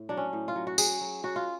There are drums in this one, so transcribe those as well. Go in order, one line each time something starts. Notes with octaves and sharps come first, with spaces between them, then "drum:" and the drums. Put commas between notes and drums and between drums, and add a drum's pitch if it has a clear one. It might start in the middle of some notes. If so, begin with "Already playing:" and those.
Already playing: A2
F#3 D4
C#4
A2
F4
F#3
F#4
F#3 G#4, drum: tambourine
F#3
F#3 F#4
F4